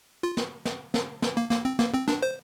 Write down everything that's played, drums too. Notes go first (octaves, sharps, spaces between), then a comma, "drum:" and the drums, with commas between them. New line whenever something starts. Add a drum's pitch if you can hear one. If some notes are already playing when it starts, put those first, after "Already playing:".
F4
drum: snare
drum: snare
drum: snare
drum: snare
A#3
A#3, drum: snare
C4
A#3, drum: snare
C4
D4, drum: snare
C5